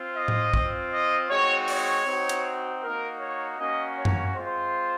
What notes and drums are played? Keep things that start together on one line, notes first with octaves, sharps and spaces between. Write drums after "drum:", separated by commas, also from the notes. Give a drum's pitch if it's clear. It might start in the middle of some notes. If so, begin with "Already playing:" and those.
Already playing: C4 F4
D#5
drum: tom A2
C4 F4, drum: kick
D#5
G#3 C4 D#4 F#4 C#5
C#5, drum: open hi-hat
C4 D#4 F#4
drum: hi-hat
A#3 D#4 F#4 A#4
C#5
A#3 C#4 F#4 D#5
C#5
drum: tom F#2
G#3 C4 F4 C5